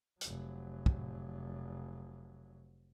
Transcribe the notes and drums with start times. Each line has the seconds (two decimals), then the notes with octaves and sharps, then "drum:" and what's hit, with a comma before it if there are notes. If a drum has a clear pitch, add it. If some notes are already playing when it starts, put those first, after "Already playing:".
0.21 F1 F#3, drum: hi-hat
0.86 drum: kick